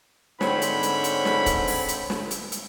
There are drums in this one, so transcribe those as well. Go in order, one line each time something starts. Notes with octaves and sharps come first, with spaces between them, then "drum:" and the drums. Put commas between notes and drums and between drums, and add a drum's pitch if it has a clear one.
G#2 D3 C4 C#5 B5, drum: snare
drum: hi-hat
drum: hi-hat
drum: hi-hat
drum: snare
drum: kick, hi-hat
drum: open hi-hat
drum: hi-hat
drum: snare
drum: hi-hat
drum: hi-hat